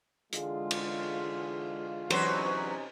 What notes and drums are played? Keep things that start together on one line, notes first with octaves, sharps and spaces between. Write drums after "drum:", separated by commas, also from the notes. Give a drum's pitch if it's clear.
D3 E3 G#3 F4, drum: hi-hat
drum: cymbal
E2 C3 F#3 C#4 D#4 B4 C5, drum: cymbal